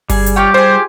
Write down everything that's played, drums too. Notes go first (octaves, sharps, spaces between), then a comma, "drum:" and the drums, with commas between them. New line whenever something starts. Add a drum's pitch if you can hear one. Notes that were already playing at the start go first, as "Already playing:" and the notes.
G3 G#4, drum: kick G1, open hi-hat
drum: hi-hat
F4 G4 C#5 G5
F4 G#4 C5